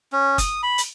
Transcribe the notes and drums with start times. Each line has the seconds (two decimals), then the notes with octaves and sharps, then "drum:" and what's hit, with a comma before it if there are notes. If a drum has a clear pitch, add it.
0.13 C#4
0.38 D#6, drum: kick, hi-hat
0.63 B5
0.78 drum: hi-hat